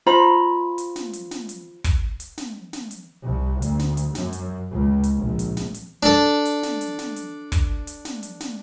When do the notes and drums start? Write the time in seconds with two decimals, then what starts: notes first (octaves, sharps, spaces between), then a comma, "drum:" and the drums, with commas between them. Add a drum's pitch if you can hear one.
0.06 F4 C5 A#5 B5
0.78 drum: hi-hat
0.96 drum: snare
1.13 drum: hi-hat
1.31 drum: snare
1.49 drum: hi-hat
1.84 drum: kick, hi-hat
2.20 drum: hi-hat
2.38 drum: snare
2.73 drum: snare
2.91 drum: hi-hat
3.23 C2
3.62 D2, drum: hi-hat
3.79 drum: snare
3.97 drum: hi-hat
4.15 F#2, drum: snare
4.33 drum: hi-hat
4.72 C#2
5.04 drum: hi-hat
5.17 A#1
5.39 drum: hi-hat
5.57 drum: snare
5.74 drum: hi-hat
6.03 D4 A4
6.45 drum: hi-hat
6.63 drum: snare
6.81 drum: hi-hat
6.99 drum: snare
7.16 drum: hi-hat
7.52 drum: kick, hi-hat
7.87 drum: hi-hat
8.05 drum: snare
8.23 drum: hi-hat
8.40 drum: snare